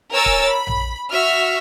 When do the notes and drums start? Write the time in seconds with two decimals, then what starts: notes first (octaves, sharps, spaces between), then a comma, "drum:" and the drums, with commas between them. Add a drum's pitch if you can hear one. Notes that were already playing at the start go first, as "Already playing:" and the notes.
0.12 A#4 C#5 G#5 E6 A6
0.26 drum: kick C#1
0.48 B5
0.67 drum: tom A#1
1.09 F#4 E5 F6